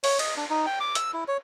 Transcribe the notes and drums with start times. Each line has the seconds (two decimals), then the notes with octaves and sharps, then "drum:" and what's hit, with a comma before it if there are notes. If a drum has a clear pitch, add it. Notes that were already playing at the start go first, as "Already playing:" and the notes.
0.04 C#5, drum: open hi-hat
0.19 D#5, drum: cymbal
0.37 D4
0.50 D#4
0.66 G5
0.80 D6
0.95 E6, drum: hi-hat
1.14 E4
1.28 C#5